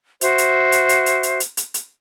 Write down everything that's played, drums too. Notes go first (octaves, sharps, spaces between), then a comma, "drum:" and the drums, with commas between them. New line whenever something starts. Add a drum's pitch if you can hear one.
F#4 C5 E5, drum: hi-hat
drum: hi-hat
drum: hi-hat
drum: hi-hat
drum: hi-hat
drum: hi-hat
drum: hi-hat
drum: hi-hat
drum: hi-hat